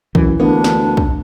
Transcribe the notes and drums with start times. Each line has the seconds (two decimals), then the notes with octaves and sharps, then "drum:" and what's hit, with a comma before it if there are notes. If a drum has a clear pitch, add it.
0.15 F#2 E3, drum: kick
0.40 D2 A#3 B3 D4
0.64 drum: snare
0.97 drum: kick